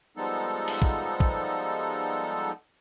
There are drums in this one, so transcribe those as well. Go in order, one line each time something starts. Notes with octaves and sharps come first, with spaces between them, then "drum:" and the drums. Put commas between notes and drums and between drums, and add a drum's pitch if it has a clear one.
F3 G3 G#3 B3 D#4 A4
drum: open hi-hat
drum: kick
drum: kick